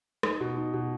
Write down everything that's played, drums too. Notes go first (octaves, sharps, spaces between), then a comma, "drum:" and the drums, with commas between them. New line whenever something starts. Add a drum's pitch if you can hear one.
D#4, drum: rim click
B2
D#4
B2